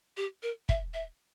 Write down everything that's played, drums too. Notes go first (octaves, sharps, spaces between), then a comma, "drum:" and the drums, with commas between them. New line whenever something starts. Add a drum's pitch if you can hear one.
G4
A#4
E5, drum: kick
E5